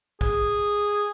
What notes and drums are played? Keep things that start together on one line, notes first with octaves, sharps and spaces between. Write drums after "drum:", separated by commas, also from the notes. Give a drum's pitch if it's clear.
G#4, drum: kick